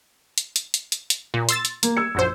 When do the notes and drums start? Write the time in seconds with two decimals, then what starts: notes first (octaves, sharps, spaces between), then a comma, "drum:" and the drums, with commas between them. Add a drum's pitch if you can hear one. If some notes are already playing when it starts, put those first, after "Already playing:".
0.38 drum: hi-hat
0.56 drum: hi-hat
0.74 drum: hi-hat
0.92 drum: hi-hat
1.10 drum: hi-hat
1.34 A#2
1.49 C6 E6 A6, drum: hi-hat
1.65 drum: hi-hat
1.83 A#3, drum: hi-hat
1.97 E6 G#6 C#7
2.15 A#1 F#2 C5